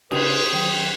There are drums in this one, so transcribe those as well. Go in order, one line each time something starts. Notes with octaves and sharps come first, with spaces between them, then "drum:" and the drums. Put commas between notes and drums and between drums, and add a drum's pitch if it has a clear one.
C#3 D4 G#4 B4 C5 D5 D#6, drum: cymbal
D#3 F#3 G5